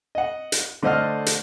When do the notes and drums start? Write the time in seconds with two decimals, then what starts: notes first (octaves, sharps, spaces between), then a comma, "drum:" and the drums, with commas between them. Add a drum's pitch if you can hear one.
0.15 D#5 F#5
0.52 drum: hi-hat
0.83 D3 A3 C5 D#5 F#5 F6
1.26 drum: hi-hat